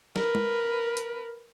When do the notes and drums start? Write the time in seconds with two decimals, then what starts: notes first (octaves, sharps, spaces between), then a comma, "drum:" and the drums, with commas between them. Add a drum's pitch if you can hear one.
0.16 A#4 B4, drum: snare
0.35 drum: tom G#3
0.97 drum: hi-hat